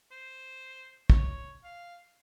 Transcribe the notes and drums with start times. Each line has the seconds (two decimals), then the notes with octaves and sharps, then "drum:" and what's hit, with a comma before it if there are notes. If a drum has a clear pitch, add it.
0.12 C5
1.10 C#5, drum: kick
1.64 F5